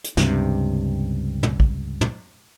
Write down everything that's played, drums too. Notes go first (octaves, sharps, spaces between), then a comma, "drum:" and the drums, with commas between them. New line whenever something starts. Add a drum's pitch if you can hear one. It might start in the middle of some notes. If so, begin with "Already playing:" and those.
drum: hi-hat
C#2 G2 C3, drum: snare
drum: tom
drum: kick
drum: tom